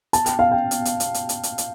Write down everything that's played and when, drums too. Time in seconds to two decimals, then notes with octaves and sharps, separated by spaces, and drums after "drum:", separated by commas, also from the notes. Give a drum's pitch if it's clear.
0.13 A5, drum: hi-hat
0.26 G5, drum: hi-hat
0.39 F5
0.51 G5
0.71 drum: hi-hat
0.85 drum: hi-hat
1.00 drum: hi-hat
1.14 drum: hi-hat
1.29 drum: hi-hat
1.43 drum: hi-hat
1.58 drum: hi-hat